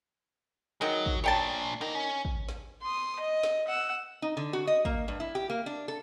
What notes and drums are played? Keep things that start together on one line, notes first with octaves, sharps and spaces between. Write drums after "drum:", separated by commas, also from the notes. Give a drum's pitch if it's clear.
D#3 F#3 G#3
drum: kick
A#2 D4 C#5 G5 A5
D#3 E3 A#4
C#4
drum: kick
drum: snare
C6 D#6
D#5
drum: snare
F#5 E6
D#4
D3
F#4
D#5
A#3, drum: kick
G2
E4
G4
A#3
D4
A4